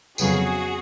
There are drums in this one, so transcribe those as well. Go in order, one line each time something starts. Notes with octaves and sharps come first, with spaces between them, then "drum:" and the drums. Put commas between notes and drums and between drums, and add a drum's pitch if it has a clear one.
F2 C#3 F#3 B3 F#4 G#4, drum: tambourine